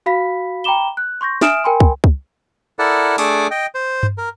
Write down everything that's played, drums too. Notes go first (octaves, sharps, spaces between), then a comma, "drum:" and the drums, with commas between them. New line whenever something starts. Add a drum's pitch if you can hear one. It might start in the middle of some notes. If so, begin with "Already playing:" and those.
F#4 F5 B5 B6
G5 A#5 B5 D6 E7 G7
F#6
C6 C#6 G6 A#6
E5 G#5 D#6 F6 D7 E7, drum: snare
A#4 G5 G#5 B5 C6
drum: kick
drum: kick
E4 A4 A#4 D5 F#5
A3 D4 G#4 A4 D6 D#6, drum: open hi-hat
D#5 G5
C5
drum: tom G2
A#4